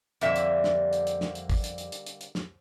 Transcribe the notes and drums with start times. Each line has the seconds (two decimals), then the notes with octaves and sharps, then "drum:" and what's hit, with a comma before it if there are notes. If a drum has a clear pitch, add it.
0.21 F2 D3 G3 A#3 E5, drum: hi-hat
0.36 drum: hi-hat
0.64 drum: snare
0.93 drum: hi-hat
1.07 drum: hi-hat
1.21 drum: snare
1.35 drum: hi-hat
1.50 drum: kick, open hi-hat
1.64 drum: hi-hat
1.78 drum: hi-hat
1.92 drum: hi-hat
2.06 drum: hi-hat
2.21 drum: hi-hat
2.35 drum: snare